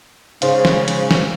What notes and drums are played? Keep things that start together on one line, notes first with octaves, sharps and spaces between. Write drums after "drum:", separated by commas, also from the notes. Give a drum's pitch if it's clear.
G#2 C#3 C5 F5, drum: hi-hat
drum: snare
drum: hi-hat
drum: snare